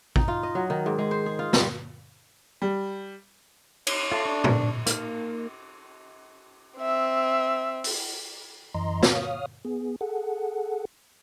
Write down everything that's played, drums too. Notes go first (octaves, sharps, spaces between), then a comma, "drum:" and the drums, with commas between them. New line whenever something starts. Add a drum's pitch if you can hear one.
D#4, drum: kick A1
F4
D#5
F#3
D#3
G#2
G#3
C5
G#4
F4
G3, drum: snare
G3
C#5, drum: cymbal
F4 A4 E5 A5
D4 C#6
drum: tom A2
A#3 D#4 F6, drum: hi-hat
C4 E5
drum: open hi-hat
F#2 E3 D#5 A#5 C6
C#5 F5 D#6 F6, drum: snare
B3 G#4
G#4 A4 F#5